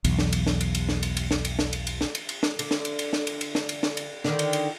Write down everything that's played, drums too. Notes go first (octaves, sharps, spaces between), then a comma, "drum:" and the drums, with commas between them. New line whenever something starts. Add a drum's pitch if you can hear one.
B1 E2, drum: cymbal
drum: snare
drum: cymbal
drum: snare
drum: cymbal
drum: cymbal
drum: snare
drum: cymbal
drum: cymbal
drum: snare
drum: cymbal
drum: snare
drum: cymbal
drum: cymbal
drum: snare
drum: cymbal
drum: cymbal
drum: snare
D3, drum: cymbal
drum: snare
drum: cymbal
drum: cymbal
drum: snare
drum: cymbal
drum: cymbal
drum: snare
drum: cymbal
drum: snare
drum: cymbal
D3 D#3, drum: snare
drum: cymbal
drum: cymbal